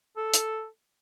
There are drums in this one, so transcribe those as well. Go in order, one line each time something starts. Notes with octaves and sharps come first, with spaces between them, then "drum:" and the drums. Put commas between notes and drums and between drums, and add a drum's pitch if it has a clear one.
A4
drum: hi-hat